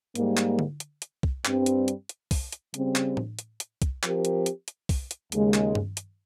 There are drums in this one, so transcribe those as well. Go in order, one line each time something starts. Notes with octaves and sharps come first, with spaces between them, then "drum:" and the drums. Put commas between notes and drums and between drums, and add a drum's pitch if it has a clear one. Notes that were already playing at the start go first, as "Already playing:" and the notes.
G#2 G3 A#3, drum: hi-hat
drum: clap
drum: tom D3
drum: hi-hat
drum: hi-hat
drum: kick
G2 G3 C4, drum: clap
drum: hi-hat
drum: hi-hat
drum: hi-hat
drum: kick, open hi-hat
drum: hi-hat
C#3 G3 C4, drum: hi-hat
drum: clap
drum: tom A2
drum: hi-hat
drum: hi-hat
drum: kick, hi-hat
F3 C4 G4 A#4, drum: clap
drum: hi-hat
drum: hi-hat
drum: hi-hat
drum: kick, open hi-hat
drum: hi-hat
D#2 C#3 G#3, drum: hi-hat
drum: clap
drum: tom G2
drum: hi-hat